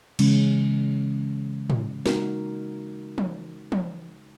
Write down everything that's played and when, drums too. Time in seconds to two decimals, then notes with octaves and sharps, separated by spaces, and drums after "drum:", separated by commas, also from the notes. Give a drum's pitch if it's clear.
0.19 C#3 E3 G#3 C#4, drum: cymbal
1.70 drum: tom
2.06 G#3 D#4 F#4 A#4, drum: snare
3.18 drum: tom
3.72 drum: tom